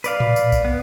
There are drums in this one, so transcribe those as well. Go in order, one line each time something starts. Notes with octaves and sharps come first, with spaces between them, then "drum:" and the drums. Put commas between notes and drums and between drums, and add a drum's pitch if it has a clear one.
B4 D5 F5, drum: tambourine
drum: tom A2
drum: tambourine
drum: kick B1, tambourine
B3